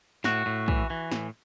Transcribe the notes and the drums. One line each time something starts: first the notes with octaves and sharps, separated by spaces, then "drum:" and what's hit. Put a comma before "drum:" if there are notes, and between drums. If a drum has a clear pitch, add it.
A2 F#4, drum: snare
A2
E3, drum: kick
E3
A2, drum: snare